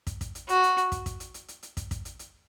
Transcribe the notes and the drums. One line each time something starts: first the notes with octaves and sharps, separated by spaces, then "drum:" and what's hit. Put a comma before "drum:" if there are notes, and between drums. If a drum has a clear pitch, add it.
drum: kick, hi-hat
drum: kick, hi-hat
drum: hi-hat
F#4, drum: hi-hat
drum: hi-hat
drum: hi-hat
drum: kick, hi-hat
drum: kick, hi-hat
drum: hi-hat
drum: hi-hat
drum: hi-hat
drum: hi-hat
drum: kick, hi-hat
drum: kick, hi-hat
drum: hi-hat
drum: hi-hat